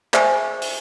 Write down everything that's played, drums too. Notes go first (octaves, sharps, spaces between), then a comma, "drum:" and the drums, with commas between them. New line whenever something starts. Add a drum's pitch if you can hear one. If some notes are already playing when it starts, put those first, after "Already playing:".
G#4 C5 E5 G#5 C#6, drum: clap
drum: open hi-hat